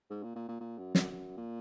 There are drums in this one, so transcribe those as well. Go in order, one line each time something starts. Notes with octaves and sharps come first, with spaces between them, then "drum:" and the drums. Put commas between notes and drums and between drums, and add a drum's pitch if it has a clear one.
G#2
A#2
A#2
A#2
A#2
F#2
F#2, drum: snare
F#2
A#2